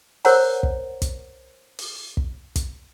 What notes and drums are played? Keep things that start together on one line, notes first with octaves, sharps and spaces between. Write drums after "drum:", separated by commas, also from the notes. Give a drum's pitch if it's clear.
A#4 C5 C#5 F#5 A#5, drum: open hi-hat
drum: kick
drum: kick, hi-hat
drum: open hi-hat
drum: kick
drum: kick, hi-hat